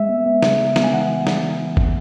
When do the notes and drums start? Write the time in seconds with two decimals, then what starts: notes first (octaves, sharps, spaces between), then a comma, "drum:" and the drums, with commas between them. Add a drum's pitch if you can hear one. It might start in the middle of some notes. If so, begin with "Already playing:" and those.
Already playing: G#3 E5
0.09 B3
0.26 B3
0.43 C#3, drum: snare
0.59 G#3
0.76 B3, drum: snare
0.84 G#5
0.93 E3 F#5
1.27 drum: snare
1.77 drum: kick G1